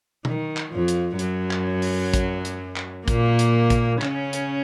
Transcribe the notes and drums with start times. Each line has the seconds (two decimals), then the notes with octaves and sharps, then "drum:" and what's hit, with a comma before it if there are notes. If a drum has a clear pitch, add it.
0.25 D#3, drum: tom B2
0.57 drum: clap
0.72 F2 F3
0.88 drum: hi-hat
1.19 F#2 F#3, drum: hi-hat
1.51 drum: clap
1.82 drum: open hi-hat
2.14 drum: kick A1, hi-hat
2.45 drum: hi-hat
2.76 drum: clap
3.08 A#2 A#3, drum: kick A1, hi-hat
3.39 drum: hi-hat
3.70 drum: kick A1, hi-hat
4.02 C#3 C#4, drum: clap
4.33 drum: hi-hat